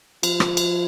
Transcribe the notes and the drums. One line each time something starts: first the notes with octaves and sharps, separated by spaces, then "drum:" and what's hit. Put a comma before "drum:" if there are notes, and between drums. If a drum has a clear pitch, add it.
F3, drum: cymbal
drum: rim click
drum: cymbal